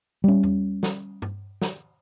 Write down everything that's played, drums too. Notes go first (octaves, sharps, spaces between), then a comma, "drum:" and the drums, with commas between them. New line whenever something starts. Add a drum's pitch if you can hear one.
G3 C#4
drum: tom
drum: snare
drum: tom G2
drum: snare